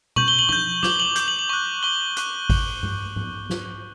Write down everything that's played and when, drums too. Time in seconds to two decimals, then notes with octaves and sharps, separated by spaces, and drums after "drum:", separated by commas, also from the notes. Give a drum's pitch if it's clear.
0.16 C#6 G6 F#7, drum: tom B2
0.28 G7
0.39 F#7
0.49 C#6 G6, drum: tom
0.83 D6 G6, drum: snare
0.90 G7
1.00 F#7
1.16 D6 G6, drum: hi-hat
1.28 F#7
1.39 F#7
1.49 C#6 F#6
1.83 C#6 F#6 G7
2.17 C#6 F#6, drum: hi-hat
2.50 drum: kick G#1, open hi-hat
2.83 drum: tom G2
3.16 drum: tom
3.50 drum: snare